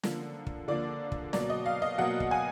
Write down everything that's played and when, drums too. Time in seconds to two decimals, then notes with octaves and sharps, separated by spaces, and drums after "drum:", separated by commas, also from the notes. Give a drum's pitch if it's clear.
0.03 D3 F3 A#3, drum: snare
0.47 drum: kick
0.68 D3 F3 A#3 D5
1.12 drum: kick
1.33 B2 F#3 A#3 D5, drum: snare
1.50 D#5
1.66 F5
1.82 D#5
1.98 B2 F#3 A#3 F#5
2.20 drum: kick
2.31 G#5